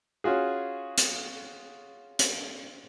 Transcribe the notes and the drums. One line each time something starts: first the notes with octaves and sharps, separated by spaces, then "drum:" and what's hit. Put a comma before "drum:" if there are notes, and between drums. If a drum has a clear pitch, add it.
C#4 F4 F#4 G#4
drum: hi-hat
drum: hi-hat